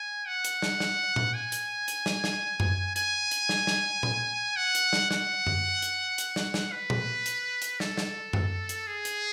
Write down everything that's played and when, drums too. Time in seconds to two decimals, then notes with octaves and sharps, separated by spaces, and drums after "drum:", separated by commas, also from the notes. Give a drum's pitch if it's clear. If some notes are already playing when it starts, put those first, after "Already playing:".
Already playing: G#5
0.27 F#5
0.45 drum: hi-hat
0.62 drum: snare
0.80 drum: snare
1.16 drum: tom A#2
1.34 G#5
1.52 drum: hi-hat
1.88 drum: hi-hat
2.06 drum: snare
2.24 drum: snare
2.60 drum: tom F#2
2.96 G#5, drum: hi-hat
3.31 drum: hi-hat
3.49 drum: snare
3.67 drum: snare
4.03 drum: tom A#2
4.56 F#5
4.75 drum: hi-hat
4.93 drum: snare
5.11 F#5, drum: snare
5.47 drum: tom F#2
5.82 drum: hi-hat
6.18 drum: hi-hat
6.36 drum: snare
6.54 drum: snare
6.72 B4
6.90 drum: tom A#2
7.26 drum: hi-hat
7.62 drum: hi-hat
7.80 A4, drum: snare
7.98 drum: snare
8.33 drum: tom F#2
8.69 drum: hi-hat
8.87 G#4
9.05 drum: hi-hat